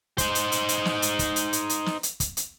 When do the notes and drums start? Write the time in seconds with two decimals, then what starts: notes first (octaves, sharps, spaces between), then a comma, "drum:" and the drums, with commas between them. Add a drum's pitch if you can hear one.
0.18 D#4 C5, drum: kick, hi-hat
0.35 drum: hi-hat
0.52 drum: hi-hat
0.69 drum: hi-hat
0.85 drum: snare
1.02 drum: hi-hat
1.19 drum: kick, hi-hat
1.36 drum: hi-hat
1.53 drum: hi-hat
1.69 drum: hi-hat
1.86 drum: snare
2.03 drum: hi-hat
2.20 drum: kick, hi-hat
2.37 drum: hi-hat